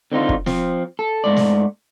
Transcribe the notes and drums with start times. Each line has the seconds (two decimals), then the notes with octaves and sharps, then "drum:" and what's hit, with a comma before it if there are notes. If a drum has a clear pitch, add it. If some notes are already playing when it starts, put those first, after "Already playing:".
0.12 D3 C4 D#4 F4
0.29 drum: kick
0.46 F3 C4, drum: snare
0.99 A4
1.24 G#2 A3 D5
1.37 drum: snare